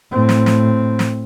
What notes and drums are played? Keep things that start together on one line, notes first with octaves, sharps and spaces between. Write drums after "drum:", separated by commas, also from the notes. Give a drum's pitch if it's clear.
A2 C4
drum: snare
drum: snare
drum: snare